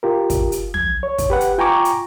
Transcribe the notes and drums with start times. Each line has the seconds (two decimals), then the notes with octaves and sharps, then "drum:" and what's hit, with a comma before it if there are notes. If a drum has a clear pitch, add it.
0.03 F4 G4 A#4
0.30 drum: kick, hi-hat
0.52 drum: hi-hat
0.74 G#6, drum: tom
1.03 C#5
1.18 drum: kick, hi-hat
1.30 G4 B4 F#5
1.41 drum: hi-hat
1.58 F4 G5 G#5 A#5 C#6 D6
1.85 drum: hi-hat